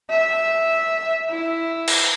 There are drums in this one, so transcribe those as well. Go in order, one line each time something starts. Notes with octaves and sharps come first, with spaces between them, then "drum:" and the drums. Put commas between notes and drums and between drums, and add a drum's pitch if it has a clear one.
E5
E4
drum: cymbal